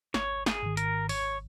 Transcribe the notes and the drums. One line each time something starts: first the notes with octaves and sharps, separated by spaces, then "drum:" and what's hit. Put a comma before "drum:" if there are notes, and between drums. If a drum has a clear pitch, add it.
G#1 C#5, drum: snare
G#4, drum: snare
G#2 D#3
A#4, drum: hi-hat
G#1 C#5, drum: open hi-hat